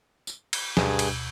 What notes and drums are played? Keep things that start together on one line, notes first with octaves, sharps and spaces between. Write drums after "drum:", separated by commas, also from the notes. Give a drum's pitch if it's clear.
drum: tambourine
drum: cymbal
D2 G2 B2 G#4, drum: snare
drum: cymbal